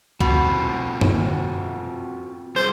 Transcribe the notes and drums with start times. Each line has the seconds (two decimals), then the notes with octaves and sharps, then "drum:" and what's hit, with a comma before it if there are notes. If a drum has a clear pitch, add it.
0.20 B2 C4 F4 F#4, drum: kick C2
1.01 drum: tom F#2
2.56 G3 F4 G#4 C5